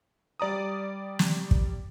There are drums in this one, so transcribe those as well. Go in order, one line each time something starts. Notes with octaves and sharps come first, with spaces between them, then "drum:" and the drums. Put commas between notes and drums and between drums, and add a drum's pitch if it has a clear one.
G3 D5 A#5 D#6
drum: snare
drum: kick